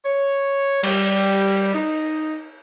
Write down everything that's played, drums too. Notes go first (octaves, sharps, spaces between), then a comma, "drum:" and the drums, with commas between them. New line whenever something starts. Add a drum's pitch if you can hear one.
C#5
G3, drum: cymbal
D#4